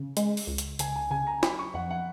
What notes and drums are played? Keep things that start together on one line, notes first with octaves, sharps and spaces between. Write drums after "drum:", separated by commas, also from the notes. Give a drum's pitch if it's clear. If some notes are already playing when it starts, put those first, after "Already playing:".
Already playing: C#3
G#3, drum: hi-hat
drum: open hi-hat
C#2
drum: hi-hat
C#2 G#5, drum: hi-hat
G#5
C#3 G#5
A#5
F#3 B5, drum: snare
C#6
F2 F#5
F#5